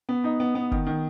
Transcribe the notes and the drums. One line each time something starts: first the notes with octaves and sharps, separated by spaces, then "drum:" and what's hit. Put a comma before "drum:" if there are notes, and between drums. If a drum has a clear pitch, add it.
B3
D#4
B3
B3
D#3, drum: kick F#1
D#3